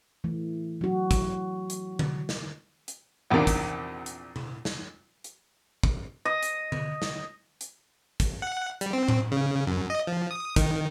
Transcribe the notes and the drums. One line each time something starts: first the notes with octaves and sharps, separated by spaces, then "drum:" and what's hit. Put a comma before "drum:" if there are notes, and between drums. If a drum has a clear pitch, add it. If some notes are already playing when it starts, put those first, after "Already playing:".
E3 A3
F#3 F#4
drum: kick, hi-hat
drum: hi-hat
drum: tom D3
drum: snare
drum: hi-hat
A#1 E2 C3 D#3 D4
drum: kick, hi-hat
drum: hi-hat
drum: tom C3
drum: snare
drum: hi-hat
drum: kick
D#5
drum: hi-hat
drum: tom D3
drum: snare
drum: hi-hat
drum: kick, hi-hat
F#5
G3, drum: hi-hat
C4
drum: tom A2
C#3
F#2
D#5
F3
D#6
D#3, drum: kick, hi-hat